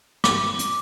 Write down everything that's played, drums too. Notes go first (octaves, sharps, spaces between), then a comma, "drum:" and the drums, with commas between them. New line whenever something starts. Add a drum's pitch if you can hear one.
D6, drum: rim click
drum: hi-hat